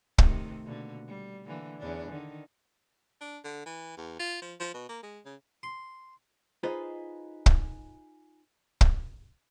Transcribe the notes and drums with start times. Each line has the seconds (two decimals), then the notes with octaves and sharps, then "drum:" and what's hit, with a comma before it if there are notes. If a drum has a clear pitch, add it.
0.18 C3 D#3 A3, drum: kick
0.65 B2 D3 A#3
1.08 G3
1.47 D3 E3 A#3
1.78 E2 C#4 D4
2.09 D3 D#3
3.21 D4
3.44 D3
3.66 E3
3.97 E2
4.19 F4
4.42 F3
4.60 F3
4.74 B2
4.89 A#3
5.03 G#3
5.26 C#3
5.63 C6
6.63 D#4 F4 G#4 B4 C5 D#5
7.46 drum: kick
8.81 drum: kick